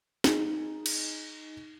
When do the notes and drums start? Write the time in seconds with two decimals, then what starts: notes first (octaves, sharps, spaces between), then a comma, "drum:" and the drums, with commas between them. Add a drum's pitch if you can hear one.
0.24 D#4 G#4, drum: snare
0.86 drum: cymbal